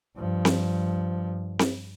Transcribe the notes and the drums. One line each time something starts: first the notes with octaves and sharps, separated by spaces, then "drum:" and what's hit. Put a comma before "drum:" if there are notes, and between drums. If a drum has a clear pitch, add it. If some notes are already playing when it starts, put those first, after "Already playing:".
G2 F3
drum: snare C4
drum: snare C4